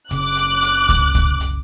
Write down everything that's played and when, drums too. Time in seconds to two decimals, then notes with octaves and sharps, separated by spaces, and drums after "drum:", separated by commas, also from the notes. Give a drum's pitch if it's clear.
0.11 F#1 C#3 D6 F#6, drum: hi-hat
0.37 drum: hi-hat
0.63 drum: hi-hat
0.89 drum: kick C#2, hi-hat
1.15 drum: kick C#2, hi-hat
1.41 drum: hi-hat